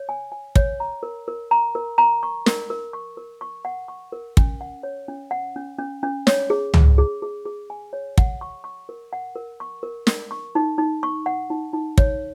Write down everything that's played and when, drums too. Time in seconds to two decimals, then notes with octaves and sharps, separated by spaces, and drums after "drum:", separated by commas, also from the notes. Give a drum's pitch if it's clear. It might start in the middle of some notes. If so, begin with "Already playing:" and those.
Already playing: C#5
0.09 G#5
0.32 G#5
0.55 C#5, drum: kick
0.80 A#5
1.03 A#4
1.28 A#4
1.51 A#5
1.75 A#4
1.98 A#5
2.23 C#6
2.46 A#4, drum: snare
2.70 A#4
2.93 C#6
3.17 A#4
3.41 C#6
3.65 F#5
3.88 C#6
4.12 A#4
4.37 C#4, drum: kick
4.61 F#5
4.83 C#5
5.08 C#4
5.31 F#5
5.56 C#4
5.78 C#4
6.03 C#4
6.27 C#5, drum: snare
6.50 G#4
6.74 G#4, drum: tom C#2
6.98 G#4
7.22 G#4
7.45 G#4
7.70 G#5
7.93 C#5
8.18 F#5, drum: kick
8.41 C#6
8.64 C#6
8.89 A#4
9.13 F#5
9.36 A#4
9.60 C#6
9.83 A#4
10.07 A#4, drum: snare
10.31 C#6
10.55 D#4
10.78 D#4
11.03 C#6
11.26 F#5
11.50 D#4
11.73 D#4
11.98 C#5, drum: kick